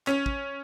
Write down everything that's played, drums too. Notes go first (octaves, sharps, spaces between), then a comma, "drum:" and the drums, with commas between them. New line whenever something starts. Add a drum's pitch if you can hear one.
C#4, drum: clap
drum: kick